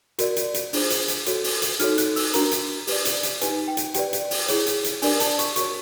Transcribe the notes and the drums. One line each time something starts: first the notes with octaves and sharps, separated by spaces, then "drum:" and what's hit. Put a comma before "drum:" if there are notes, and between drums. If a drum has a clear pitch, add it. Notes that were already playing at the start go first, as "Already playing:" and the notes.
F#4 A#4 D5, drum: hi-hat
drum: hi-hat
drum: hi-hat
D4 F4 G#4 C5, drum: open hi-hat
drum: hi-hat
drum: hi-hat
F#4 A4 C#5, drum: hi-hat
drum: open hi-hat
drum: hi-hat
D#4 F#4 A4 C#5 F6, drum: hi-hat
F#6, drum: hi-hat
E6, drum: open hi-hat
D4 F#4 A#4 A#5, drum: hi-hat
drum: hi-hat
G4 B4 D5, drum: open hi-hat
drum: hi-hat
drum: hi-hat
D#4 G4 B4 G#5, drum: hi-hat
G5
drum: hi-hat
G4 B4 D5 G5, drum: hi-hat
drum: hi-hat
drum: open hi-hat
E4 G#4 C#5, drum: hi-hat
drum: hi-hat
drum: hi-hat
D4 G4 A#4 D5 G#5, drum: open hi-hat
A5, drum: hi-hat
C#6, drum: hi-hat
F#4 A#4 C#5 C#6, drum: hi-hat